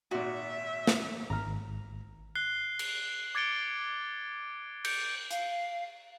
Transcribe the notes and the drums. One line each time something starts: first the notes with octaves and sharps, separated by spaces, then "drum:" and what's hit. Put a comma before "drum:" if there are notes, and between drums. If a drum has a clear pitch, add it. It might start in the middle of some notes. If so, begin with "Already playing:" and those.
G#1 A#2 F#4 E5
drum: snare
G#1 A#5 F6
F#6 C7 G7
drum: cymbal
D6 G#6 A6 C#7 D7 G7
G6 C#7 D7, drum: cymbal
F5, drum: hi-hat